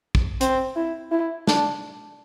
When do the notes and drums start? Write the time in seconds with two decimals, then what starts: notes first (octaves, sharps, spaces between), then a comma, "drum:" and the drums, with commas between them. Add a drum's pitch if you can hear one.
0.15 drum: kick
0.41 C4, drum: hi-hat
0.76 E4
1.11 E4
1.47 D4, drum: snare